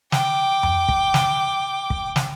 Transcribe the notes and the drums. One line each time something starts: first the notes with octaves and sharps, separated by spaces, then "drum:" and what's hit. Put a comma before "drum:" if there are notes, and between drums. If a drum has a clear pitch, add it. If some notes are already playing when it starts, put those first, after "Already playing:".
G5 D6, drum: snare
drum: tom F2
drum: kick
drum: snare
drum: kick
drum: snare